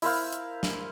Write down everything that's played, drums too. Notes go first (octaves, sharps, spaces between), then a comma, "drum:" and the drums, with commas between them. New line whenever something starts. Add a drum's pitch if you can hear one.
E4 A#4 C5 F5, drum: open hi-hat
drum: hi-hat
drum: snare